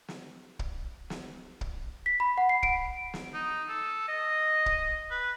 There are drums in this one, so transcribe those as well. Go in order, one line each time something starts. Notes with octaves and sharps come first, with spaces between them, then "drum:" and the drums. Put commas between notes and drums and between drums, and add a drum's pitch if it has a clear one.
drum: snare
drum: kick
drum: snare
drum: kick
B6
B5
F#5
C7
D7, drum: kick
drum: snare
D#4
A4
D#5
drum: kick
B4